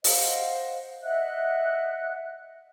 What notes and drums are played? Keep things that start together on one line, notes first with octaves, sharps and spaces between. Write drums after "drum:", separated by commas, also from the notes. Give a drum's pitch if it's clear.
C5 D#5 F5 F#5, drum: open hi-hat
D#5 E5 F#5 F#6